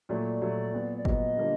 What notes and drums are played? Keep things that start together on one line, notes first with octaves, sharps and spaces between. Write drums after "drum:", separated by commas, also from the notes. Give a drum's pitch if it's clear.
A#2 F#3 A3 D5
A#2 F#3 A3
A#2 F#3 B3
D5
A#2 F#3 B3 D#5, drum: kick G1
D3 G3 A#3 D4 F4